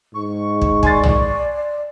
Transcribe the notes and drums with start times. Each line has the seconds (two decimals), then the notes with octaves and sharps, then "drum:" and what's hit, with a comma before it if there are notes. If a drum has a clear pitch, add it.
0.14 G#2 C#6
0.61 drum: kick
0.83 D5 G#5 C6 A6, drum: kick
1.03 drum: tom